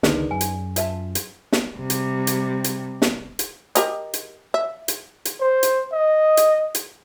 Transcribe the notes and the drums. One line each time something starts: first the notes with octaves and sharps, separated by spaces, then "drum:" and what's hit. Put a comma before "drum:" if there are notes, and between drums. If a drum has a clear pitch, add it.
C#2 D3 D#3 D#4 G#4 A#4 B4 D5, drum: snare
F#2 G#5
drum: hi-hat
F4 E5 A5, drum: hi-hat
drum: hi-hat
drum: snare
C3 G3
drum: hi-hat
drum: hi-hat
drum: hi-hat
drum: snare
drum: hi-hat
G4 A#4 D#5, drum: hi-hat
drum: hi-hat
E5
drum: hi-hat
drum: hi-hat
C5
drum: hi-hat
D#5
drum: hi-hat
drum: hi-hat